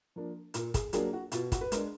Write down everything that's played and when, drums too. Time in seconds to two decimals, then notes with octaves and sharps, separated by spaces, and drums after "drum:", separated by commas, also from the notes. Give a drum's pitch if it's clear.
0.16 F3 A#3 D4
0.54 A#2 A#4, drum: hi-hat
0.74 G#4, drum: kick, hi-hat
0.93 F#3 A#3 D4 G#4, drum: hi-hat
1.13 F#4
1.32 B2 F4, drum: hi-hat
1.52 F#4, drum: kick, hi-hat
1.61 B4
1.72 G#3 D4 A#4, drum: hi-hat